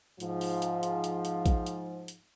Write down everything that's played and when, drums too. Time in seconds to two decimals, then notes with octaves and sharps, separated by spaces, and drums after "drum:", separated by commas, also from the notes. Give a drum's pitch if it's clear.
0.20 G#2 F3, drum: hi-hat
0.41 drum: open hi-hat
0.62 drum: hi-hat
0.83 drum: hi-hat
1.04 drum: hi-hat
1.25 drum: hi-hat
1.46 drum: kick A#1, hi-hat
1.66 drum: hi-hat
2.08 drum: hi-hat